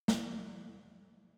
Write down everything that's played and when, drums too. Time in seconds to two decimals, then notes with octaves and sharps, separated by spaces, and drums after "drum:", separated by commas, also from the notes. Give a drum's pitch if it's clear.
0.08 A#3, drum: snare